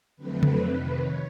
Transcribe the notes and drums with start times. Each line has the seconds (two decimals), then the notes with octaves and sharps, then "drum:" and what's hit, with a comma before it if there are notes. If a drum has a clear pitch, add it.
0.16 F2 D3 F#3 A3 C4 B4
0.43 drum: tom C#3
0.58 F2 C3 D#3 B4
0.99 C#5